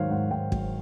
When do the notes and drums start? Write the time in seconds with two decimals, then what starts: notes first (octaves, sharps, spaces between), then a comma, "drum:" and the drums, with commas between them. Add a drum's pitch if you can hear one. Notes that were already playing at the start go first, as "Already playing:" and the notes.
Already playing: G#2 D#3 F#3 C5 C#5 F5
0.11 G#2 F#5
0.31 G#2 G5
0.52 F#3, drum: kick